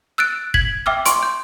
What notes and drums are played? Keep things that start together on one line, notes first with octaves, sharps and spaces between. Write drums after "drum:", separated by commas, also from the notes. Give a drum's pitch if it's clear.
E6 F#6 A6 D7
G#6 B6 F#7, drum: kick
E5 G5 D6 E6 F6
C6 C#6 D7, drum: hi-hat
G6